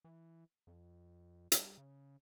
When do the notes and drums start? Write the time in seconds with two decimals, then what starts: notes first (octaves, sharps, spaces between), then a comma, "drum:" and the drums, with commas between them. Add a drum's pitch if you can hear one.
0.04 E3
0.67 F2
1.52 G3, drum: hi-hat
1.78 C#3